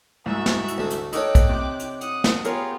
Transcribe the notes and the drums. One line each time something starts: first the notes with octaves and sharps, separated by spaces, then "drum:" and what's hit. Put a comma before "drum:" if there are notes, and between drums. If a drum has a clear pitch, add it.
C2 G#2 F#4 E5 E6
drum: snare
drum: hi-hat
D2 A3
drum: hi-hat
D#4 A4 A#4 C#5 G5 D6 F#6, drum: hi-hat
drum: kick, hi-hat
C3
drum: hi-hat
F#5 D#6, drum: hi-hat
drum: snare
B3 F4 G4 G#4 A#4 C#5, drum: hi-hat